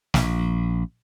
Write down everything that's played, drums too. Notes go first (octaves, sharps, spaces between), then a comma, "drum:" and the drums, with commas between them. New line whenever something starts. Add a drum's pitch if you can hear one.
A#1, drum: snare